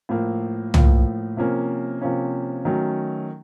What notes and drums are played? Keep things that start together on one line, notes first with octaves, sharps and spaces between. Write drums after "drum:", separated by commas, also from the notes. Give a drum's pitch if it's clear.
A2 F3 A#3
A2 F3 A#3, drum: tom C2
C3 F3 A#3 C#4
C3 F3 A#3 C#4
D#3 F#3 A3 C#4